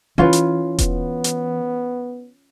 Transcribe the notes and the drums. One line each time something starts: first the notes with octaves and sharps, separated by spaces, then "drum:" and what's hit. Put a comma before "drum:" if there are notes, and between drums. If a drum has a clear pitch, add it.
E3 C#4 F4 B4
drum: hi-hat
B3, drum: kick E1, hi-hat
drum: hi-hat